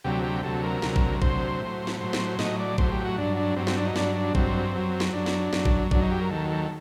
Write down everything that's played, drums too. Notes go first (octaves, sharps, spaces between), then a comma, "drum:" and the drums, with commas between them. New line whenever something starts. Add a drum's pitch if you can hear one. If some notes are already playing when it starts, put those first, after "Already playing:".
D2 C3 F#3 G4
G4
D2 C3 F#3 A4
A#4
D2 C3 F#3, drum: snare
drum: kick A1
D2 C3 F#3 C5, drum: kick A1
A2 F#3
drum: snare
A2 F#3 C5
drum: snare
A2 F#3 D#5, drum: snare
D5
A2 F#3 C5, drum: kick A1
G4
F#4
G2 F#3 D4
D4
G2 F#3 C4
C4, drum: snare
D4
D#4
G2 F#3 D4, drum: snare
D4
G2 F#3 C4, drum: kick A1
F#2 F#3
drum: snare
F#2 F#3 D4
drum: snare
F#2 F#3, drum: snare
drum: kick A1
F#2 F#3 D4, drum: kick A1
D#4
G4
A#4
D#2 D#3 F#3 A4
A4
A4